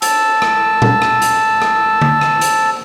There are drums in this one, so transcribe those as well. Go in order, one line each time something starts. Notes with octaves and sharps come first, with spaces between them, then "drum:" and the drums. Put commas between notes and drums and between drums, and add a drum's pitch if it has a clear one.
A5 E6, drum: hi-hat
drum: rim click
drum: tom A#2
drum: rim click
drum: hi-hat
drum: rim click
drum: tom D3
drum: rim click
drum: hi-hat